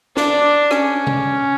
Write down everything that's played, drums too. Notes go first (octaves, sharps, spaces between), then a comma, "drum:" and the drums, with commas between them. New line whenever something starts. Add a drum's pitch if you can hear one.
D4, drum: snare
C#4, drum: rim click
drum: tom C3